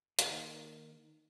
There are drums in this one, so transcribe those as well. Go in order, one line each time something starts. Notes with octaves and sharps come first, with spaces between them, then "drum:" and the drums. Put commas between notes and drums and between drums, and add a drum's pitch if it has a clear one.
D#3 A#3 D#4, drum: hi-hat